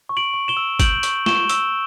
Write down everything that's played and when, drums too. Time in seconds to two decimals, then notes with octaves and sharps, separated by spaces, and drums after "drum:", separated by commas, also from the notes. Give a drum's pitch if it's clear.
0.09 C#6
0.17 D7 F#7
0.33 C#6
0.48 E7 G7
0.57 E6
0.80 G6 D7 F#7, drum: kick G1, hi-hat
1.03 C#6, drum: hi-hat
1.26 C#6 E7 G7, drum: snare
1.49 E6, drum: hi-hat